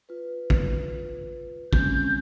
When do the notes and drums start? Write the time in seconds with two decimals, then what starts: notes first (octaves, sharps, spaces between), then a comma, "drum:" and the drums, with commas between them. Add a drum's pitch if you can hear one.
0.09 F4 B4
0.50 drum: kick
1.73 G#3 C4 C#4 G6, drum: kick